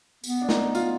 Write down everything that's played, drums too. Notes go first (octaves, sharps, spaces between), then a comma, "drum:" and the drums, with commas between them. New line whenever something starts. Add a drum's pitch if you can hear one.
B3, drum: tambourine
D4
D#4, drum: snare
F4, drum: tambourine